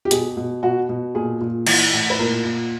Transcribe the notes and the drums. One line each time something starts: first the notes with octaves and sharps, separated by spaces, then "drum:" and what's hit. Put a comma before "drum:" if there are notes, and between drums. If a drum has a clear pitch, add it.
G4
B2 G#4, drum: hi-hat
B2
B2 F#4
B2
A#2 G#4
A#2
E3, drum: cymbal
A2
B4
A#2 A#4
A#2